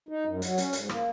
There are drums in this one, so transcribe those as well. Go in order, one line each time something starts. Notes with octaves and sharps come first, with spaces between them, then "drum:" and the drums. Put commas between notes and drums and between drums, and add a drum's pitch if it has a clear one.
D#4
F#2
F#3, drum: hi-hat
C#4, drum: hi-hat
G#2, drum: hi-hat
A#3, drum: rim click